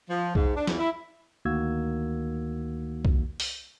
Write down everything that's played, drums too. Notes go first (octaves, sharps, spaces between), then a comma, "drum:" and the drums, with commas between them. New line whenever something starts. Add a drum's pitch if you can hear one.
F3
G#2, drum: kick
D4
E2, drum: snare
E4
D2 D#3 A#3 F#4 E6 G#6
drum: kick
drum: open hi-hat